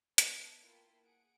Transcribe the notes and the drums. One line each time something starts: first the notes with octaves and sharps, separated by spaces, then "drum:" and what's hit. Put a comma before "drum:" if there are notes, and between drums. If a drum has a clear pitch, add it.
B3 D4 D#4 A4 A5, drum: hi-hat
A#3 E4 F4 G5 A5 C6
G#4 F#5 D7